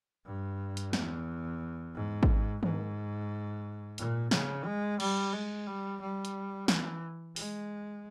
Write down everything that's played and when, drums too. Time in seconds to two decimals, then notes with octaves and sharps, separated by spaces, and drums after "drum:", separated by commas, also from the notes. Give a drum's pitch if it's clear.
0.26 G2
0.77 drum: hi-hat
0.93 E2, drum: snare
1.95 G#2
2.23 drum: kick G#1
2.63 G#2, drum: tom D#3
3.98 A#2, drum: hi-hat
4.31 C#3, drum: snare
4.65 G#3
5.00 G3, drum: cymbal
5.33 G#3
5.67 G3
6.01 G3
6.25 drum: hi-hat
6.68 E3, drum: snare
7.36 G#3, drum: open hi-hat